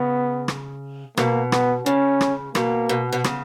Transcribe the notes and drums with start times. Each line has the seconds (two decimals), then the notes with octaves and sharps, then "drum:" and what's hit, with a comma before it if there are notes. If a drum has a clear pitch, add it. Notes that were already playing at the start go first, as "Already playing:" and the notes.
Already playing: C#3 B3
0.48 drum: rim click
1.17 B2 A#3, drum: rim click
1.52 B3, drum: rim click
1.86 C#3 C#4
2.21 drum: rim click
2.55 B2 A#3, drum: rim click
2.89 B2
3.12 B2
3.24 C#3, drum: rim click